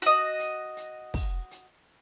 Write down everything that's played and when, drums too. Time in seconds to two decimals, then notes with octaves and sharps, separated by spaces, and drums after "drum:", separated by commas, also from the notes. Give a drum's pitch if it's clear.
0.02 F#4 D#5, drum: hi-hat
0.39 drum: hi-hat
0.77 drum: hi-hat
1.14 drum: kick, open hi-hat
1.51 drum: hi-hat